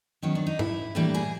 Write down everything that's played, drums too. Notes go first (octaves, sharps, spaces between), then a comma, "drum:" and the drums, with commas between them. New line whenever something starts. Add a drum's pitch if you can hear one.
D#3 F#3 B3 C#4
D4
D#4
E4, drum: tom G#2
A2 E3 G3 A#3 D4
G#4